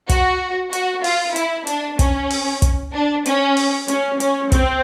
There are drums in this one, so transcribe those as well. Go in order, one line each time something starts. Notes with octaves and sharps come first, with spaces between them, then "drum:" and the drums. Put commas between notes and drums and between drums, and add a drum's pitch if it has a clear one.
F#4, drum: kick, hi-hat
F#4, drum: hi-hat
F4, drum: open hi-hat
E4, drum: hi-hat
D4, drum: hi-hat
C#4, drum: kick, hi-hat
drum: open hi-hat
drum: kick, hi-hat
D4
C#4, drum: hi-hat
drum: open hi-hat
C#4, drum: hi-hat
C#4, drum: hi-hat
C4, drum: kick, hi-hat